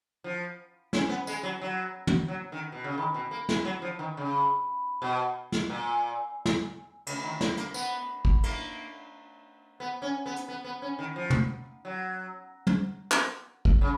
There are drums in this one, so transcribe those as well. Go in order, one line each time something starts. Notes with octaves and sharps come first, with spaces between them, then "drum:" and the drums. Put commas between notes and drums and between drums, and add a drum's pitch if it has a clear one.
F3
C#4, drum: snare
B3
G#3, drum: tambourine
F#3
F#3
drum: tom
F#3
D#3
B2
C#3
D#3
B2
A#3
G#3, drum: snare
F#3
F3
D#3
C#3
B2
drum: snare
A#2
drum: snare
C#3, drum: cymbal
D#3
A#3, drum: snare
A#3, drum: hi-hat
B3, drum: tambourine
drum: kick
A#3, drum: cymbal
B3
C#4
B3
drum: hi-hat
B3
B3
C#4
D#3
F3
drum: tom
F#3
drum: tom
drum: clap
drum: kick
C#3